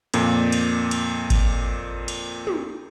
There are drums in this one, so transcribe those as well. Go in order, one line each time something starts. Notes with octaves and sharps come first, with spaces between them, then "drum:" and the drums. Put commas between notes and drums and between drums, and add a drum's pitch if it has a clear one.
F2 A#2, drum: cymbal
drum: cymbal
drum: cymbal
drum: kick G#1, cymbal
drum: cymbal
drum: tom